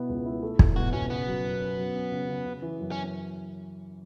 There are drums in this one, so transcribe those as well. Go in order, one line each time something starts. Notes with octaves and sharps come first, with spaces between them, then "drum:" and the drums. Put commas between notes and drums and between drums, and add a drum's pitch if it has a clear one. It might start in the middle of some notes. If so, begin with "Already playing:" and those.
Already playing: B2 B3 E4
C#2
E4
A3
E4, drum: kick
B2 F#4
B2 C#4
C#3 B3
F#3
F#2
C#4
F#3
C#4
C#3
C#3
C#3
E3
F#2
C#4